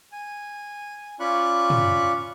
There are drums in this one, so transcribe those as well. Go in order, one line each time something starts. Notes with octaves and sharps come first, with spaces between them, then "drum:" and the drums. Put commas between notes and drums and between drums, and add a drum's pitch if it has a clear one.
G#5
C#4 F4 D5 B5 C#6 F#6
drum: tom